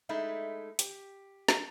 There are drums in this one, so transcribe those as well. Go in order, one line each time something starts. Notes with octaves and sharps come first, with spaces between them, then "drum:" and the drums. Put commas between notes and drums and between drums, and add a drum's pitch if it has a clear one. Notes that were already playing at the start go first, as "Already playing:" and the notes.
G#3 A3 D#4 E4
G4, drum: hi-hat
drum: snare